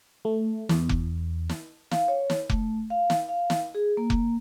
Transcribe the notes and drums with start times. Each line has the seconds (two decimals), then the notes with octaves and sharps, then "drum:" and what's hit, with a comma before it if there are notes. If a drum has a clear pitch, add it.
0.25 A3
0.69 E2, drum: snare
0.89 drum: kick F1
1.49 drum: snare
1.91 F5, drum: snare
2.08 C#5
2.30 drum: snare
2.50 A3, drum: kick F1
2.90 F5
3.10 drum: snare
3.29 F5
3.50 drum: snare
3.75 G#4
3.97 A#3
4.10 drum: kick F1